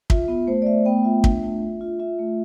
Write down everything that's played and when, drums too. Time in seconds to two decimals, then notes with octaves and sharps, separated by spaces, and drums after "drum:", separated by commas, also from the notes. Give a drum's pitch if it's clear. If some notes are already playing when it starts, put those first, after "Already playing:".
0.10 F4 E5, drum: kick
0.28 B3
0.47 A3 C5
0.62 D5
0.66 A3 E5
0.86 B3 G5
1.05 F4 E5
1.24 D4, drum: kick
1.43 A3
1.62 F4
1.81 F4
1.99 F4 E5
2.19 A3